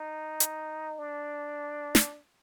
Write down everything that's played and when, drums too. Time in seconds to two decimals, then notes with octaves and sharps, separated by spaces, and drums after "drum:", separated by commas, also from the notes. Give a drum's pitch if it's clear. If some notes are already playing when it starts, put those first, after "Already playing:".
Already playing: D#4
0.40 drum: hi-hat
0.99 D4
1.95 drum: snare